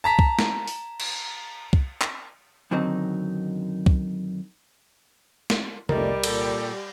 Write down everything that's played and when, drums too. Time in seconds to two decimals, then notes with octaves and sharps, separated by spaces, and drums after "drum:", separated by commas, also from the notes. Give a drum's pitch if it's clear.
0.04 A5 A#5 B6
0.19 drum: kick C2
0.39 drum: snare
0.67 drum: open hi-hat
1.00 drum: cymbal
1.73 drum: kick C2
2.02 drum: clap
2.71 F#2 D3 D#3 F#3 C4 D#4
3.86 drum: kick C2
5.50 drum: snare
5.89 C2 F2 G3 A3 A#4 D5 D#5, drum: tom C3
6.24 A#2 G4 A4, drum: cymbal